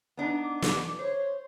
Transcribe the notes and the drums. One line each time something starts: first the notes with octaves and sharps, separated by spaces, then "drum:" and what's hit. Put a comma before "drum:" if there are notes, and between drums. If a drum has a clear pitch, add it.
B3 D4 D#4
D6
drum: snare
C5 C#5